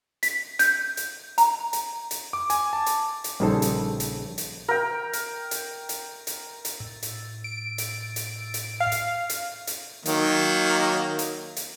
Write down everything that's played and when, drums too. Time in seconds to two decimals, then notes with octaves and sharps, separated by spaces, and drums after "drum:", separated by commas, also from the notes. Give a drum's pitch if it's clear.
0.23 B6, drum: hi-hat
0.59 G6, drum: hi-hat
0.97 drum: hi-hat
1.38 A#5, drum: hi-hat
1.73 drum: hi-hat
2.11 drum: hi-hat
2.33 D6
2.50 G#5, drum: hi-hat
2.73 A5
2.86 drum: hi-hat
3.24 drum: hi-hat
3.40 A#1 C#3 G3 D#4 A4 C5
3.62 drum: hi-hat
4.00 drum: hi-hat
4.38 drum: hi-hat
4.68 A#4 G5
5.13 drum: hi-hat
5.51 drum: hi-hat
5.89 drum: hi-hat
6.27 drum: hi-hat
6.65 drum: hi-hat
6.80 A2
7.03 drum: hi-hat
7.44 D7
7.78 drum: hi-hat
8.16 drum: hi-hat
8.54 drum: hi-hat
8.80 F5
8.92 drum: hi-hat
9.30 drum: hi-hat
9.67 drum: hi-hat
10.06 D#3 F#3 A#3, drum: hi-hat
11.19 drum: hi-hat
11.57 drum: hi-hat